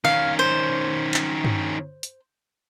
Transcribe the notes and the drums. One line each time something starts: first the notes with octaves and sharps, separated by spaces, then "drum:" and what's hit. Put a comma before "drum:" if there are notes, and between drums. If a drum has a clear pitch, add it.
D#3 C#4 F5
C5
drum: clap
drum: tom G2
drum: hi-hat